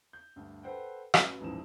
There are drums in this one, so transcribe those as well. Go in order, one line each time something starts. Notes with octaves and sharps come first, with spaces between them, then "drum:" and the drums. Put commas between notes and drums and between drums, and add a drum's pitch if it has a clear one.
G6
D2 G2
A4 B4 C5 F#5 G5
A1 F#3 F#4 B4, drum: rim click
D#1 A1 G#2 E3 F3 E7